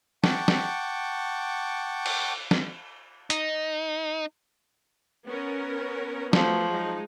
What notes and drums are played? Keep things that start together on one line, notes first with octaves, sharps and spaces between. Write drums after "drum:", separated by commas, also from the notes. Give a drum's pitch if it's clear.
F#5 G5 A5 C#6 D6, drum: snare
drum: snare
drum: cymbal
drum: snare
D#4, drum: hi-hat
B3 C#4 A#4
F3 F#3 A3 B3, drum: snare
G#3 D#4